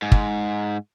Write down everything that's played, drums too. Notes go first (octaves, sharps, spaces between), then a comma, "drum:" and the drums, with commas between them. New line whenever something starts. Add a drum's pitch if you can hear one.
G#2
drum: kick